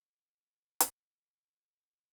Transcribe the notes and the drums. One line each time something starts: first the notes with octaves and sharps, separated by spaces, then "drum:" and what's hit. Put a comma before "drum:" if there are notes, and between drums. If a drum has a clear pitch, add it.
G4 B4
drum: hi-hat